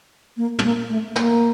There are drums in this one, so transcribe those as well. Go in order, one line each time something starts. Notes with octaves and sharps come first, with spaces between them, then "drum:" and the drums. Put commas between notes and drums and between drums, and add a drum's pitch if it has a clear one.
A#3
B3, drum: tom
A#3
A3
A#3, drum: snare